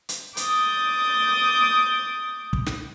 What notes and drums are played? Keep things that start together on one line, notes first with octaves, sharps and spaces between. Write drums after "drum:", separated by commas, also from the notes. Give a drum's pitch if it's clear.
drum: hi-hat
D6 D#6 G6 A6, drum: hi-hat
drum: kick
drum: snare